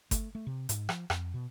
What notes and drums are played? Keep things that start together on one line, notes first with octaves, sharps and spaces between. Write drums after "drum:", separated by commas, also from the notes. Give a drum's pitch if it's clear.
A3, drum: kick G1, hi-hat
A3
C3
G#2, drum: hi-hat
F3, drum: rim click
F2, drum: rim click
B2